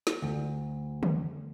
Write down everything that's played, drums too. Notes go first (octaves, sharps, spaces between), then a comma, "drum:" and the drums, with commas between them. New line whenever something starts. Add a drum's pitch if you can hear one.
drum: snare
D2
drum: tom D3